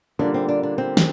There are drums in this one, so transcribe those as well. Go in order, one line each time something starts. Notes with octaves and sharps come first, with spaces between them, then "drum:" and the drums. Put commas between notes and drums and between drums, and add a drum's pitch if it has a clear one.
D3 G3 A#3 D4 F4
C4
D4
D4
C4
drum: snare